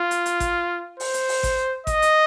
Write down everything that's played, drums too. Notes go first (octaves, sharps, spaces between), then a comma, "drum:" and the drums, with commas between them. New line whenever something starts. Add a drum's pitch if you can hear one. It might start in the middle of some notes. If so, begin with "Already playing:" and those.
Already playing: F4
drum: hi-hat
drum: hi-hat
drum: kick G#1, hi-hat
C5, drum: open hi-hat
drum: hi-hat
drum: open hi-hat
drum: kick G#1, hi-hat
D#5, drum: kick G#1, hi-hat
drum: hi-hat